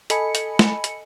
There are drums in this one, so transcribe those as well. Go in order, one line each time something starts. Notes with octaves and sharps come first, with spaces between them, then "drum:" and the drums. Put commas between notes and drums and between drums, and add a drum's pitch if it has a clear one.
A4 D#5 G#5 B5 C#7, drum: hi-hat
drum: hi-hat
drum: snare
drum: hi-hat